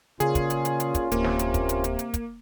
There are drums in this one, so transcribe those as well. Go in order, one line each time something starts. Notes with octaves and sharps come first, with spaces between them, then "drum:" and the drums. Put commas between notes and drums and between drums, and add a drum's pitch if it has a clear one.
A#2 C#3 C#4 F4 G#4, drum: hi-hat
drum: kick, hi-hat
drum: hi-hat
drum: hi-hat
drum: hi-hat
drum: kick, hi-hat
D1 C3 A#3, drum: hi-hat
drum: snare
drum: hi-hat
drum: kick, hi-hat
drum: hi-hat
drum: hi-hat
drum: hi-hat
drum: kick, hi-hat